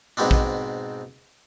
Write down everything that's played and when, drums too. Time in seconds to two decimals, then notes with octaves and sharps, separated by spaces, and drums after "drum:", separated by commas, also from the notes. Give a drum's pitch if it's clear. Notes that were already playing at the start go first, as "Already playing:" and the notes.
0.17 G#2 B2 B3 C4 D4
0.31 drum: kick